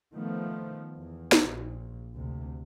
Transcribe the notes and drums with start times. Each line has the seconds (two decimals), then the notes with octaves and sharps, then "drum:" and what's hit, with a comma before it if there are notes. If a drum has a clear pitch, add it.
0.14 D#3 F3 A3 B3
0.98 E2
1.32 drum: snare
1.48 A#1
2.15 D2 C3